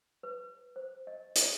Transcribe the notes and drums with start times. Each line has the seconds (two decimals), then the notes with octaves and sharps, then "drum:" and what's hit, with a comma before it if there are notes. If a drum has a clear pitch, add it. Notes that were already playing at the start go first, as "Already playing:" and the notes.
0.23 B4
0.76 C5
1.07 D#5
1.35 drum: hi-hat